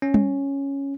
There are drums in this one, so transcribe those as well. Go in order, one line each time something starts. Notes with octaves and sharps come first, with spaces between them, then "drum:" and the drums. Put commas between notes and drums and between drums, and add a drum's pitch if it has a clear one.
C#4
drum: tom G3